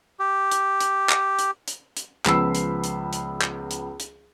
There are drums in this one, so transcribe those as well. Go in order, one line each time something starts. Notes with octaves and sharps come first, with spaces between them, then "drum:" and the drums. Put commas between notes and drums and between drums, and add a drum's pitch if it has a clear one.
G4
drum: hi-hat
drum: hi-hat
drum: clap
drum: hi-hat
drum: hi-hat
drum: hi-hat
C#2 F3 B3 B5 E6 C7, drum: clap
drum: hi-hat
drum: hi-hat
drum: hi-hat
drum: clap
drum: hi-hat
drum: hi-hat